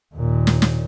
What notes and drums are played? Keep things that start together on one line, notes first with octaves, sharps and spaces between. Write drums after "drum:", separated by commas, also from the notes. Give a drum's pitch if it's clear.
D#2 A#2
drum: snare
drum: snare